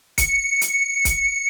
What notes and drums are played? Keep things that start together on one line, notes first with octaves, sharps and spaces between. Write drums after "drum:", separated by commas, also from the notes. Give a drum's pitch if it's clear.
C#7, drum: kick, hi-hat
drum: hi-hat
drum: kick, hi-hat